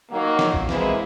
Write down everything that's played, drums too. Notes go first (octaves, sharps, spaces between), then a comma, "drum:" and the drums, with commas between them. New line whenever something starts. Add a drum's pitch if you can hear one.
D#3 F#3 A#3
drum: snare
drum: kick A1
E3 G#3 A#3 C4 E4, drum: snare